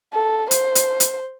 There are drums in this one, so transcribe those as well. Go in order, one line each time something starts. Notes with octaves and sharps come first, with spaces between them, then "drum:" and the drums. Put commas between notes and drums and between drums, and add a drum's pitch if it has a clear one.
A4
C5, drum: hi-hat
drum: hi-hat
drum: hi-hat